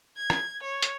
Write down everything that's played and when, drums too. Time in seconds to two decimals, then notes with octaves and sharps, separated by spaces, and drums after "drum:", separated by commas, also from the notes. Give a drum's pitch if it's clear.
0.17 G#6
0.30 drum: rim click
0.63 C#5
0.82 drum: hi-hat